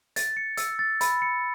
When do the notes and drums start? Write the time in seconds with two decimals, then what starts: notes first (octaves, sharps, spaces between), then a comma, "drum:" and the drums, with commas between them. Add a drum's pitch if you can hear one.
0.16 A6, drum: hi-hat
0.37 C#7
0.57 E6, drum: hi-hat
0.79 A6
1.01 B5, drum: hi-hat
1.22 C#7